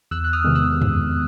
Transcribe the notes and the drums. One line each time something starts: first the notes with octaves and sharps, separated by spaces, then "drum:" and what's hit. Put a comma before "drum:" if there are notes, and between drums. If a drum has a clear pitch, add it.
E2 E6 F#6
F#6
D#6 F6
C3 D#3 G#3 B3
E6 F#6
drum: tom